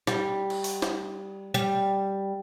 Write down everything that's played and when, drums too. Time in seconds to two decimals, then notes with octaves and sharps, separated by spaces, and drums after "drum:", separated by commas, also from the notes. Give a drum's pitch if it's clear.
0.07 G3, drum: snare
0.50 drum: cymbal
0.64 drum: open hi-hat
0.82 drum: snare
1.54 G3, drum: tambourine